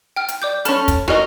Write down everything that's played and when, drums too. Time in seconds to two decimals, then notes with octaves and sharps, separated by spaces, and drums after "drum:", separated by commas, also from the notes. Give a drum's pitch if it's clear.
0.16 G5 F6
0.28 drum: hi-hat
0.42 D5 D6 G6
0.65 C#4 A4 A5 B5 F6, drum: hi-hat
0.88 drum: kick, hi-hat
1.08 F#4 A#4 D#5, drum: snare